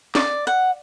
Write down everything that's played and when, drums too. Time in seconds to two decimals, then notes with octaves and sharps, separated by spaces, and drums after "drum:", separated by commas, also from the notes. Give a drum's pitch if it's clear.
0.15 D5, drum: snare
0.47 F#5